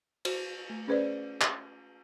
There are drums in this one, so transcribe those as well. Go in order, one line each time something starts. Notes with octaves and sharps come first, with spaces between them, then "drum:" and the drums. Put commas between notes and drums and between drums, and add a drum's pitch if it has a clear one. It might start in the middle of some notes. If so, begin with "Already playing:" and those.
F#4 C5, drum: cymbal
A3
C#4 G#4 B4 C5 D5
drum: clap